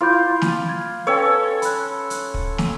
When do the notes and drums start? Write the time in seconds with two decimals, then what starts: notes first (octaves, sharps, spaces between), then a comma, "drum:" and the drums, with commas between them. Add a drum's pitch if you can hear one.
0.01 E4 F4 B5 D6 G6
0.42 drum: snare
0.69 G#6
1.07 C#4 A4 B4 C#5 G5
1.62 B5 F#6, drum: hi-hat
2.10 drum: hi-hat
2.34 drum: kick
2.58 drum: snare